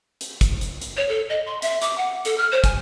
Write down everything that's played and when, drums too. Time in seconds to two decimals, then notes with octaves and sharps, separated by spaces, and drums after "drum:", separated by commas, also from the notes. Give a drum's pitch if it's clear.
0.21 drum: hi-hat
0.41 drum: kick, hi-hat
0.61 drum: hi-hat
0.81 drum: hi-hat
0.97 C#5
1.09 A4
1.29 D#5
1.46 C6
1.62 E5, drum: hi-hat
1.82 D6, drum: hi-hat
1.98 F#5
2.25 A4, drum: hi-hat
2.38 F6
2.52 C5
2.64 G#5, drum: kick, hi-hat